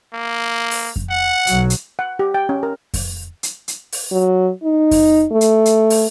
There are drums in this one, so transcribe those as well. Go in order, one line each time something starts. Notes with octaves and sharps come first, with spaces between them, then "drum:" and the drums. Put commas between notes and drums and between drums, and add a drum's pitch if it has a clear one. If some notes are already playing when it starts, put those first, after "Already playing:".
A#3
drum: open hi-hat
drum: kick F2
F#5
B1 F#3, drum: hi-hat
drum: hi-hat
F#5
G4
G5
C#4
A#4
drum: kick F2, open hi-hat
drum: hi-hat
drum: hi-hat
drum: open hi-hat
F#3
D#4
drum: kick F2, open hi-hat
A3
drum: hi-hat
drum: hi-hat
drum: open hi-hat